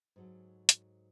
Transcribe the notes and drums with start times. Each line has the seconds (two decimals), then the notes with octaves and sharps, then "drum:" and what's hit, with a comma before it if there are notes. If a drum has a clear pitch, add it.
0.16 G#2 F#3 A4
0.69 drum: hi-hat